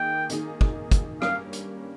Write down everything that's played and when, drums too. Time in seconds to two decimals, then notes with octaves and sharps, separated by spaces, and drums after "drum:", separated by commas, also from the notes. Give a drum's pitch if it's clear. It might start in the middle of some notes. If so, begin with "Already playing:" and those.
Already playing: D#3 A#3 D#4 G#4 G5
0.30 D#3 A#3 D#4 G#4, drum: hi-hat
0.61 drum: kick
0.92 drum: kick, hi-hat
1.22 G2 G3 A#3 C#4 G4 F5, drum: rim click
1.53 drum: hi-hat